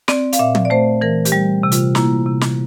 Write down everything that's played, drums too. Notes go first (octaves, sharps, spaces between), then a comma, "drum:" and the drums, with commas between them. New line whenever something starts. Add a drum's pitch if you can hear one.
C4 D5, drum: snare
F5, drum: hi-hat
A#2 E5
drum: tom
D5
A3 C5
E3 A#4
G4, drum: hi-hat
G3
C3
F4, drum: hi-hat
A#3 E4, drum: snare
C3
drum: snare